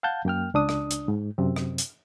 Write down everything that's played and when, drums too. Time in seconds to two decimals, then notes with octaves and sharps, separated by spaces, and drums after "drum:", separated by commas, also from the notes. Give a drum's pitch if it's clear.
0.03 F5 F#5 A5 G6
0.25 F#2 A#3 G5 F6
0.54 C#2 D4 D#6
0.69 drum: rim click
0.91 drum: hi-hat
1.08 G#2
1.38 F#2 C3 C4
1.56 drum: rim click
1.78 drum: hi-hat